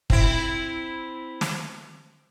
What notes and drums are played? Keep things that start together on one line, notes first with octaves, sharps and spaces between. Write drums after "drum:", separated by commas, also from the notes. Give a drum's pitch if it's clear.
C4 E4, drum: kick
drum: snare